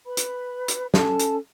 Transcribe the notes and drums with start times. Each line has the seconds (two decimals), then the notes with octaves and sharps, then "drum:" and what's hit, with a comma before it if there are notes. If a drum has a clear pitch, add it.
0.06 B4 B5
0.17 drum: hi-hat
0.68 drum: hi-hat
0.94 C#4 A4 A5, drum: snare
1.19 drum: hi-hat